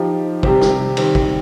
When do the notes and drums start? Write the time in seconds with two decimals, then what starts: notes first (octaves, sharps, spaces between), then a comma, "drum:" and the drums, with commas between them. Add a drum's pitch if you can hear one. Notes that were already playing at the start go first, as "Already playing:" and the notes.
Already playing: F3 D#4 G4
0.43 C3 G3 C4 G4 C5, drum: kick
0.61 drum: snare
0.97 D#3 G3 C4, drum: cymbal
1.15 drum: kick